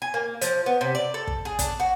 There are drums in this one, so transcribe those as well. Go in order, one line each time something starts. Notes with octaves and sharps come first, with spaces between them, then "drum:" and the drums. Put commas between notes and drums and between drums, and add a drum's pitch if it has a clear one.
G#5
A#3
F3, drum: hi-hat
B3
C3
D5
A4
drum: kick
G#4
D4, drum: kick, hi-hat
F#4